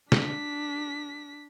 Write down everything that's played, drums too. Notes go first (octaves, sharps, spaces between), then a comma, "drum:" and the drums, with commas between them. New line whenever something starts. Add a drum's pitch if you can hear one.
D4 B6, drum: snare